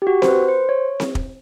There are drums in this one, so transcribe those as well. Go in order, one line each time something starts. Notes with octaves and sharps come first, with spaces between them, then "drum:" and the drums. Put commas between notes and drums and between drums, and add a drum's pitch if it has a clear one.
G4
F#4
C5, drum: snare C4
B4
C5
C#5
drum: snare C4
drum: kick